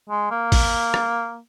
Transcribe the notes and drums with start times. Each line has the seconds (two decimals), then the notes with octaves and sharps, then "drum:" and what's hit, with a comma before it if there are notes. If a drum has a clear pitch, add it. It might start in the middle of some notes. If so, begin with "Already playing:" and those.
0.10 G#3
0.31 A#3
0.52 drum: kick, open hi-hat
0.94 drum: rim click